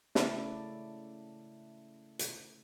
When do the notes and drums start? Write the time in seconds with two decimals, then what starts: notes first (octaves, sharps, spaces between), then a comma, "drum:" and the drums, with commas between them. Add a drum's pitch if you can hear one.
0.15 C#3 A3 E4 A4 D5, drum: snare
2.19 drum: hi-hat